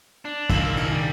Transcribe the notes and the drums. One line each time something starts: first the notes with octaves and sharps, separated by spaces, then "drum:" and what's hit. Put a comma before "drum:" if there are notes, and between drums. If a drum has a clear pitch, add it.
D4
C2 A#2 D#3 F3 A#3, drum: kick, cymbal
D4 G#4 F5, drum: cymbal
G3